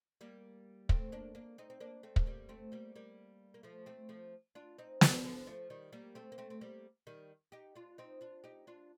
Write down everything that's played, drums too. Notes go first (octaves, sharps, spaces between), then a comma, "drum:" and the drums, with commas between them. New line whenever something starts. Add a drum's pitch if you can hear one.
G3 A#3
A3 C4, drum: kick
A#3 D4
A#3 D4
C4 D#4
C4
A#3 D4
A3 C4
drum: kick
G3 A#3
A3 C4
G3 A#3
G3 A#3
A#3
F3 A3
A3 C4
F3 A3
D4 F4
C4 D#4
A#3 D4, drum: snare
D3 F3
F3 A3
D#3 G3
G3 A#3
A3 C4
A#3
A3 C4
C4
G3 A#3
D#3 G3
D#4 G4
D4 F4
C4 D#4
D4 F4
D#4 G4
D4 F4